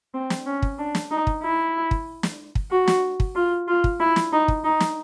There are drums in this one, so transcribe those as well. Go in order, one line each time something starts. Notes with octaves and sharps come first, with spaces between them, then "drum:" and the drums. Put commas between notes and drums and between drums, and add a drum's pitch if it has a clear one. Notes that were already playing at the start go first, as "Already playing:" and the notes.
C4
drum: snare
C#4
drum: kick
D4
drum: snare
D#4
drum: kick
E4
drum: kick
drum: snare
drum: kick
F#4
drum: snare
drum: kick
F4
F4
drum: kick
E4
drum: snare
D#4
drum: kick
D#4
drum: snare